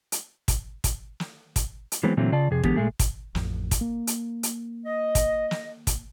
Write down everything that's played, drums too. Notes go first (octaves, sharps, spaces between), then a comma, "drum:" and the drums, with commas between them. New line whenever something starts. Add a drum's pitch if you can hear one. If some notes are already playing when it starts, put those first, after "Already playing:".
drum: hi-hat
drum: kick, hi-hat
drum: kick, hi-hat
drum: snare
drum: kick, hi-hat
drum: hi-hat
E3 F#3 G#3 B3 C4
A#2 D3 E3 F#3 A3 C4
C#3 F4 D5 A5
F2 C3 G#4
D3 E3 G#3 B3 G4, drum: kick
A#2 G#3 A3 G#4
drum: kick, hi-hat
A1 F2, drum: snare
drum: kick, hi-hat
A#3
drum: hi-hat
drum: hi-hat
D#5
drum: kick, hi-hat
drum: snare
drum: kick, hi-hat